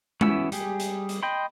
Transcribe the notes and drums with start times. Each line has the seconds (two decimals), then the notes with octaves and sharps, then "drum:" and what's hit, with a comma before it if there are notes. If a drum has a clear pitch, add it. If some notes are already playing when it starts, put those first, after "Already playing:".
0.21 E3 B3 C#4 E4 E6, drum: tom G#3
0.52 G3 G4 G#4, drum: hi-hat
0.80 drum: hi-hat
1.09 drum: hi-hat
1.23 D#5 G5 B5 C6